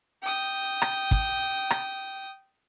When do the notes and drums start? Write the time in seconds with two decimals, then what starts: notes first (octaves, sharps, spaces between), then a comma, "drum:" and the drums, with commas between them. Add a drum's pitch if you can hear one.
0.22 G5 D#6
0.82 drum: rim click
1.11 drum: kick
1.70 drum: rim click